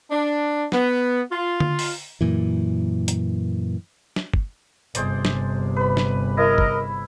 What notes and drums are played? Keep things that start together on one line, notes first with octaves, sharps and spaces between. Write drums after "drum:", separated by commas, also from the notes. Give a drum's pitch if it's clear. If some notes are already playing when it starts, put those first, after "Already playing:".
D4
B3, drum: snare
F4
drum: tom D3
drum: open hi-hat
F#2 A#2 E3
drum: hi-hat
drum: snare
drum: kick
G1 C3 G#3 C5 D5, drum: hi-hat
drum: snare
B4 B5
drum: snare
E4 A#4 D#5
drum: kick